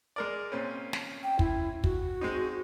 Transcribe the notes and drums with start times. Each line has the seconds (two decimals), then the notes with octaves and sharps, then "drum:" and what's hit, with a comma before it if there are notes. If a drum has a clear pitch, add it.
0.16 G#3 A#4 D5
0.52 A#2 C4 C#4
0.93 drum: snare
1.23 G5
1.39 E4, drum: kick
1.84 F#4, drum: kick
2.21 G#3 C4 D#4